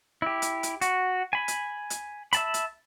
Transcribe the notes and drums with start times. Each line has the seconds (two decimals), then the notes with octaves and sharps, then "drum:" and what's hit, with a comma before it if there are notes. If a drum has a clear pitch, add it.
0.22 E4 G4
0.42 drum: hi-hat
0.63 drum: hi-hat
0.81 F#4, drum: hi-hat
1.33 G#5 B5
1.48 drum: hi-hat
1.90 drum: hi-hat
2.33 E5 A5 B5, drum: hi-hat
2.54 drum: hi-hat